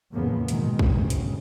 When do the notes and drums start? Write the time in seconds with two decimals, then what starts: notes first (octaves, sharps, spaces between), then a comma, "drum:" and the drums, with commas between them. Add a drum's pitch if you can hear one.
0.11 E2 A2 C#3 F3 A#3 B3
0.48 G#2 B2 D#3 G#3, drum: hi-hat
0.79 drum: kick
0.91 G1 D2 G2 C#3
1.10 drum: hi-hat